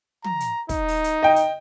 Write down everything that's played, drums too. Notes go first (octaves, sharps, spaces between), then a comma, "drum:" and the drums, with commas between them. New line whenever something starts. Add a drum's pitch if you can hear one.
A#5, drum: tom
drum: hi-hat
D#4, drum: kick, hi-hat
drum: open hi-hat
drum: hi-hat
D#5 G5
drum: hi-hat